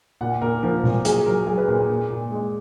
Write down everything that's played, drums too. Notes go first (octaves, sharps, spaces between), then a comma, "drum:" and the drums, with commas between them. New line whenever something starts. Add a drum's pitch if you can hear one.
A#2 F#5
A#2 A#4
F3 A#4
A#2, drum: tom
F#3 G#4, drum: hi-hat
F#3 A#4
F#3 G#4
B4
A#2 A#4
G#4
A#2
A#2
G#3